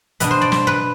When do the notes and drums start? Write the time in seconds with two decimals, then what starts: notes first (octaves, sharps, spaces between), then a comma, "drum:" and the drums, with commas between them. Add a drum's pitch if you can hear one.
0.20 B2 B3 D4 B4, drum: hi-hat
0.31 C5
0.41 D5
0.52 C5, drum: snare
0.67 B4